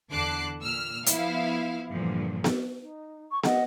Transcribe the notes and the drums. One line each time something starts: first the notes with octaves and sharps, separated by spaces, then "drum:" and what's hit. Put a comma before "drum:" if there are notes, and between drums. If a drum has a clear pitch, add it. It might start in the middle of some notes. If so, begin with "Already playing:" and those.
E2 D3 A5 D6 F#6 C7
A#2 E6 F6
F3 B3 E4 F5, drum: hi-hat
G2 A#2 D3 E3 F3
drum: snare B3
D#4
C#6
D#5 F#5, drum: snare B3